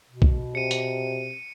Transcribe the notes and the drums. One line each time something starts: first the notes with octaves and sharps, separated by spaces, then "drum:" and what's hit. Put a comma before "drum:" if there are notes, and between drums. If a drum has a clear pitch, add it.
B2
drum: kick
C3 C#7 D#7
drum: hi-hat